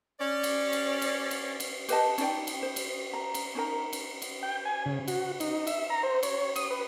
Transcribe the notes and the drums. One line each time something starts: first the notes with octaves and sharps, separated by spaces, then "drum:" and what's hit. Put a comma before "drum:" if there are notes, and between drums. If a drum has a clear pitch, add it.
C#4 D5
drum: cymbal
drum: cymbal
drum: cymbal
drum: cymbal
drum: cymbal
G4 B4 D#5 A5, drum: cymbal
C#4 D#4 D5 G5, drum: cymbal
drum: cymbal
C5
drum: cymbal
A#5
drum: cymbal
C#4 D#4 A#4 A#5
drum: cymbal
drum: cymbal
G5
G#5
C#3
F#4, drum: cymbal
D#4, drum: cymbal
E5, drum: cymbal
A#5
C5
C#5, drum: cymbal
D#6, drum: cymbal
B4